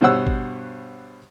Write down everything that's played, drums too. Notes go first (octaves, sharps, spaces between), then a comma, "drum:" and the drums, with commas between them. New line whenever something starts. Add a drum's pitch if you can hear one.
G2 B2 C5 C#5 F#5 E6
drum: kick